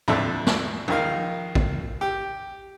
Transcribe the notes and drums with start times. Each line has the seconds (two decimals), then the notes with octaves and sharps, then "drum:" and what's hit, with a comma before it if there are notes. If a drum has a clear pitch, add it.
0.08 F2 D3 A4 E5, drum: tom G#2
0.47 drum: snare
0.88 A#1 D#3 F5, drum: tom F3
1.55 drum: kick
2.01 G4